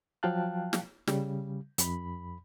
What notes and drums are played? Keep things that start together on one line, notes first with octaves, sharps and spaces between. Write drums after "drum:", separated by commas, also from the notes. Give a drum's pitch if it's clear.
F3 F#3 F5 G5 A5 F#6
drum: snare
C#3 G3, drum: snare
F2 B5, drum: hi-hat